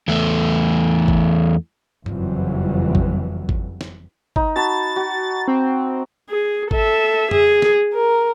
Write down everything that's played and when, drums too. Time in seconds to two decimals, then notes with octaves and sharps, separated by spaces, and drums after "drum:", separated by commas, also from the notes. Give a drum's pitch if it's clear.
0.08 E2 A3
1.08 drum: kick G#1
2.06 F#1 F2 E3 F#3 G3, drum: tom G2
2.95 drum: kick G#1
3.49 drum: kick G#1
3.81 drum: snare
4.36 D#4, drum: kick G#1
4.56 F#4 A5 B5 A6
4.96 F#4
5.48 C4
6.30 G#4
6.71 A4 E5, drum: kick G#1
7.31 G#4, drum: tom F2
7.62 drum: snare
7.94 A#4